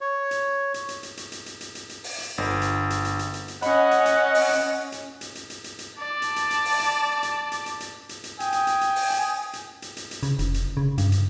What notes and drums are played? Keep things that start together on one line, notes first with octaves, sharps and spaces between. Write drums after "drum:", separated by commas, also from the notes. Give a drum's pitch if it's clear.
C#5
drum: hi-hat
drum: hi-hat
drum: hi-hat
drum: hi-hat
drum: hi-hat
drum: hi-hat
drum: hi-hat
drum: hi-hat
drum: hi-hat
drum: hi-hat
drum: open hi-hat
drum: hi-hat
G1
drum: hi-hat
drum: hi-hat
drum: hi-hat
drum: hi-hat
drum: hi-hat
drum: hi-hat
C#4 D#5 F#5 B5, drum: hi-hat
drum: hi-hat
drum: hi-hat
drum: open hi-hat
drum: hi-hat
drum: hi-hat
drum: hi-hat
drum: hi-hat
drum: hi-hat
drum: hi-hat
drum: hi-hat
D5 A5
drum: hi-hat
drum: hi-hat
drum: hi-hat
drum: open hi-hat
drum: hi-hat
drum: hi-hat
drum: hi-hat
drum: hi-hat
drum: hi-hat
drum: hi-hat
drum: hi-hat
G5 G#5 D#6, drum: hi-hat
drum: hi-hat
drum: hi-hat
drum: hi-hat
drum: open hi-hat
drum: hi-hat
drum: hi-hat
drum: hi-hat
drum: hi-hat
drum: hi-hat
C#3, drum: hi-hat
F1, drum: hi-hat
drum: hi-hat
C#3
G2, drum: hi-hat
drum: hi-hat